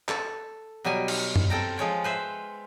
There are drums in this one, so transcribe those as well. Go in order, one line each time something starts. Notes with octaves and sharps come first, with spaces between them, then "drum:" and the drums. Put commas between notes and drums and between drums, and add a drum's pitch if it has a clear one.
A4, drum: clap
B2 F#3 G3 G4 G#5
drum: cymbal
drum: tom F#2
C4 A4 G5 A#5
F3 G#3 C#5 G5
B4 C5 E5